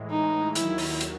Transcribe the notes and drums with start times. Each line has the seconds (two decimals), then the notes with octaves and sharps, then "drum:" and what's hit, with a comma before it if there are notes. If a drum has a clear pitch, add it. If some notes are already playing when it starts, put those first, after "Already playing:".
Already playing: A2 E3 G#3
0.11 D#4
0.55 D#2 D#3 F#3 E4, drum: hi-hat
0.78 drum: open hi-hat
1.01 drum: hi-hat